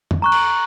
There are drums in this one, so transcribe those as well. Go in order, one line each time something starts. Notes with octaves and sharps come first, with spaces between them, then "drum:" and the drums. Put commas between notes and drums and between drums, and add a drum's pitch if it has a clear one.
drum: tom
A#5 C#6 F#6
drum: cymbal